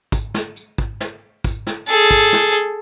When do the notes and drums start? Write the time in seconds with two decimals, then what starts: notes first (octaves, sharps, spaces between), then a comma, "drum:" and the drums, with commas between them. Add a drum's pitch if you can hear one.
0.12 drum: kick, tambourine
0.34 drum: snare
0.56 drum: tambourine
0.78 drum: kick
1.00 drum: snare
1.44 drum: kick, tambourine
1.67 drum: snare
1.89 G#4 A4, drum: tambourine
2.11 drum: kick
2.33 drum: snare